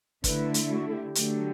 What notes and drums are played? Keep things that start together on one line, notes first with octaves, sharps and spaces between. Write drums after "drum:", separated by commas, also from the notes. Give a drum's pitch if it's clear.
D3 A3 E4 B4, drum: kick, hi-hat
drum: hi-hat
F#4
A4
G4
D3 F#3 A3, drum: hi-hat